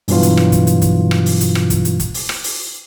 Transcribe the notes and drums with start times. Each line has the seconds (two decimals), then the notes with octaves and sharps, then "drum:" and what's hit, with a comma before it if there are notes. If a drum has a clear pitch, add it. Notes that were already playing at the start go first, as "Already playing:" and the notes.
0.08 G2 B2 E3 F#3 F4, drum: open hi-hat
0.23 drum: hi-hat
0.37 drum: rim click
0.52 drum: kick, hi-hat
0.67 drum: hi-hat
0.82 drum: kick, hi-hat
1.11 drum: rim click
1.26 drum: open hi-hat
1.41 drum: hi-hat
1.55 drum: rim click
1.70 drum: kick, hi-hat
1.85 drum: hi-hat
2.00 drum: kick, hi-hat
2.14 drum: open hi-hat
2.29 drum: rim click
2.44 drum: open hi-hat